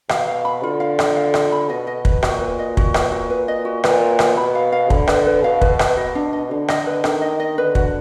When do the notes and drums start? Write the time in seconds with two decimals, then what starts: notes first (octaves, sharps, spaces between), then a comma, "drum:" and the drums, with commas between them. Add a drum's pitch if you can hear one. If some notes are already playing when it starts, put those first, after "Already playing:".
0.09 B2 F5, drum: rim click
0.28 F5
0.45 B5
0.63 D3 F4
0.80 F5
0.99 F4, drum: rim click
1.17 F5
1.34 F4, drum: rim click
1.52 B5
1.69 B2 D#5
1.87 D#5
2.05 B4, drum: kick
2.23 A#2 F#4, drum: rim click
2.41 B4
2.59 D#5
2.77 F#4, drum: kick
2.94 B4, drum: rim click
3.12 F#4
3.30 B4
3.48 D#5
3.65 F#4
3.84 A#2 B4, drum: rim click
4.01 B4
4.19 B4, drum: rim click
4.37 B2 B5
4.55 F5
4.72 F5
4.90 D3 B5, drum: kick
5.07 B4, drum: rim click
5.26 B4
5.43 B2 F5
5.61 B4, drum: kick
5.79 B4, drum: rim click
5.97 B2 D#5
6.15 D4
6.33 D#5
6.51 D3 D4
6.68 D#5, drum: rim click
6.87 B4
7.04 D#3 D4, drum: rim click
7.22 D#5
7.40 D#5
7.58 D3 B4
7.75 F#4, drum: kick